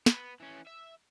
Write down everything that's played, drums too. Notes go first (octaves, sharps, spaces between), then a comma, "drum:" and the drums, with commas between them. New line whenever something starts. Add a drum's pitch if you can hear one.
B3, drum: snare
E3 C#4
E5